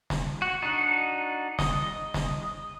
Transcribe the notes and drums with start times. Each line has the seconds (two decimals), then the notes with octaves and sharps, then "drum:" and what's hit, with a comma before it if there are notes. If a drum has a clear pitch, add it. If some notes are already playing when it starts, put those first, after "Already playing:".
0.10 drum: snare
0.42 F#4
0.62 D4 D#4 F#4
1.59 D#5, drum: snare
2.14 drum: snare